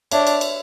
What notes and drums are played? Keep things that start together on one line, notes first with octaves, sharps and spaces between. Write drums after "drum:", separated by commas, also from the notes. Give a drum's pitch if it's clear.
D4 C#5 E5, drum: cymbal
drum: cymbal
drum: cymbal